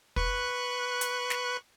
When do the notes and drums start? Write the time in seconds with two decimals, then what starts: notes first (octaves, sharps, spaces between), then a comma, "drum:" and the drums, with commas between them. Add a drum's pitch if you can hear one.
0.16 B4 C#6 F#6, drum: kick
1.01 drum: hi-hat
1.30 drum: snare